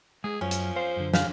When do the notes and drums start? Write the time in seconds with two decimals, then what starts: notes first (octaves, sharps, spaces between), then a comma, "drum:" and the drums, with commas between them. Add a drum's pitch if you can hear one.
0.24 G#3 G#4
0.41 F#2 F3 C#4
0.51 drum: hi-hat
0.76 C5 F5
0.96 F#2 D3
1.13 C#3 F5, drum: snare